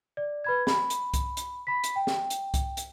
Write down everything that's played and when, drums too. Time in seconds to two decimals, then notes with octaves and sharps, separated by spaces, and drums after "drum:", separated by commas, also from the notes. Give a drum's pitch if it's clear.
0.17 D5
0.44 B4 B5 G#6
0.67 B5, drum: snare
0.90 drum: hi-hat
1.14 drum: kick C2, hi-hat
1.37 drum: hi-hat
1.67 B5 B6
1.84 drum: hi-hat
1.96 G5
2.07 drum: snare
2.30 drum: hi-hat
2.54 drum: kick C2, hi-hat
2.77 drum: hi-hat